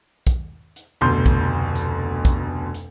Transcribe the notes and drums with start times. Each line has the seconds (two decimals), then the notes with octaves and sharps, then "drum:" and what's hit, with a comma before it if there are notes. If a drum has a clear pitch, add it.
0.27 drum: kick, hi-hat
0.76 drum: hi-hat
1.01 F1 D2 B2 C6 G6
1.26 drum: kick, hi-hat
1.75 drum: hi-hat
2.25 drum: kick, hi-hat
2.74 drum: hi-hat